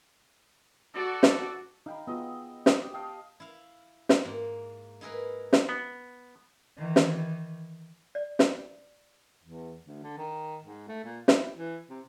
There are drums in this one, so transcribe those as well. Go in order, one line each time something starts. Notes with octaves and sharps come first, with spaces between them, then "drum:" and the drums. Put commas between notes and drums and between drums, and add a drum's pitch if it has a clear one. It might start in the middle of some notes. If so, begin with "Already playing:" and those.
F#4 A4 D5
drum: snare
D#4 F5 G5 B5
B3 F4 G#4 D#5 E6
G4 D#5, drum: snare
D#5 F5 G5 A5
E4 F5
drum: snare
G#2 A#3
D#4 E4 G#4 A#4 B4
drum: snare
B3
D#3 E3
drum: snare
D5
drum: snare
E2
D2
D3
D#3
G#2
A3
A#2
E4, drum: snare
E3
C3